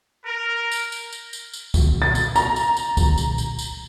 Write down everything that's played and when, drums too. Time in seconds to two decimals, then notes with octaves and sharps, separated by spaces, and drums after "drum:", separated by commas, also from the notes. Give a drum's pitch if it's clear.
0.24 A#4
0.71 drum: tambourine
0.92 drum: tambourine
1.13 drum: tambourine
1.33 drum: tambourine
1.54 drum: tambourine
1.74 drum: kick, tambourine
2.02 A6
2.15 drum: tambourine
2.36 A#5, drum: tambourine
2.56 drum: tambourine
2.77 drum: tambourine
2.97 drum: kick, tambourine
3.18 drum: tambourine
3.38 drum: tambourine
3.59 drum: tambourine